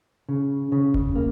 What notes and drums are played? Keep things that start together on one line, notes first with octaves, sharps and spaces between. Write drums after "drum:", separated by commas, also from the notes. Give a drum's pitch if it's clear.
C#3
C#3
drum: kick E1
A#3